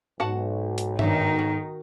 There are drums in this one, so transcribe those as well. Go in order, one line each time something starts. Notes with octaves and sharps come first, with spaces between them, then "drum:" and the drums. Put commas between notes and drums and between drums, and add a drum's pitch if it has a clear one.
B1 G#2 F#4 F#5 A5
drum: hi-hat
D#3 D4 D#4 E5, drum: tom G2
F#4 A#4